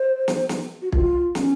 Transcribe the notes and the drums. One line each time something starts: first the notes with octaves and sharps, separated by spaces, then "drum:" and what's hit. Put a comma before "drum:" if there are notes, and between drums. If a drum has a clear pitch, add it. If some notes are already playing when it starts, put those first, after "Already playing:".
Already playing: C5
drum: snare
drum: snare
F#4
F4, drum: kick
C#4, drum: snare